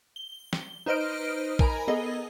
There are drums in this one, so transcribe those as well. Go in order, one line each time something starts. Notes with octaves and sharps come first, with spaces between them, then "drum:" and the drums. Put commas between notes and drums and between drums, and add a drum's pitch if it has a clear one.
G7
drum: snare
D#4 B4 C5 D#5 F6 D7
A#4 G#5 A#5 B5, drum: kick
B3 G#4 A4 D#5